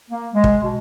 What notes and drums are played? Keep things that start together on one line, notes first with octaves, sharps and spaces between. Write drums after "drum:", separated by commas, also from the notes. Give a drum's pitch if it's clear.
A#3
G#3
drum: kick
B2